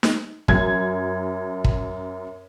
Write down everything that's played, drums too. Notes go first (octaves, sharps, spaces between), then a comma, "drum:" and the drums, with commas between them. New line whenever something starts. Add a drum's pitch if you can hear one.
drum: snare
F#2 G#6, drum: kick
drum: kick